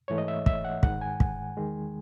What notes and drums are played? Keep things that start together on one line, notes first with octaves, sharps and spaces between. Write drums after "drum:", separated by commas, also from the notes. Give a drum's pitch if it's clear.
G#2 E3 A3 C#5
D#5
E5
E5, drum: kick
F#5
G#2 D#3 G#3 F#5, drum: kick
G#5
drum: kick
E2 D#3 G#3